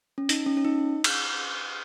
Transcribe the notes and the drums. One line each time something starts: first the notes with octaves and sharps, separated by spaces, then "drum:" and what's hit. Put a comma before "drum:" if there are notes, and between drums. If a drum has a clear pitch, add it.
C#4
D#4, drum: hi-hat
C#4
C#4
D#4
drum: cymbal